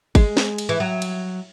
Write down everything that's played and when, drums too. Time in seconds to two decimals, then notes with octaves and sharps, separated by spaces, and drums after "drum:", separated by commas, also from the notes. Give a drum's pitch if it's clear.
0.15 G#3, drum: kick G1, cymbal
0.37 drum: snare
0.58 drum: cymbal
0.69 E3
0.80 F#3
1.02 drum: cymbal